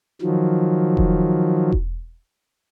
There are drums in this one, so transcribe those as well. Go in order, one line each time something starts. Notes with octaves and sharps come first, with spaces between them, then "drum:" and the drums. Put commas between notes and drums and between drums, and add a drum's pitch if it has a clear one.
D#3 F3 F#3
drum: kick E1
drum: kick E1